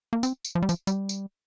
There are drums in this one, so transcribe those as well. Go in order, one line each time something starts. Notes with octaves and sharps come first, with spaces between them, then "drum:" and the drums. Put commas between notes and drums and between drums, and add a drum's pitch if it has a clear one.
A#3
C4, drum: tambourine
drum: tambourine
F3
G3
F3, drum: tambourine
G3, drum: tambourine
drum: tambourine